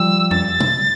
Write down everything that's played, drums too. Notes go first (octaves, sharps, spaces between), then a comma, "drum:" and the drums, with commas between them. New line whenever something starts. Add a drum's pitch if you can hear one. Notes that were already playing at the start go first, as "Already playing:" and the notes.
Already playing: F3 G3 E6
A6, drum: tom F2
drum: tom B2